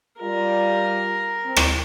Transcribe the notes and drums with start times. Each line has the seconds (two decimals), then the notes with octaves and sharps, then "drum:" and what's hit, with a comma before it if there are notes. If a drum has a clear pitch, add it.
0.21 G3 F4 A#4
1.45 C4
1.56 drum: rim click